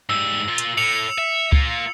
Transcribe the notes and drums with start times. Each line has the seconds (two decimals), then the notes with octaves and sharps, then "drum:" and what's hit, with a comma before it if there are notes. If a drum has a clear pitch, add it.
0.09 G#2 G3 E6
0.48 A#2 F4
0.58 drum: hi-hat
0.77 A2 C#7 F7 F#7
1.18 E5
1.52 A#3 F4, drum: kick C#2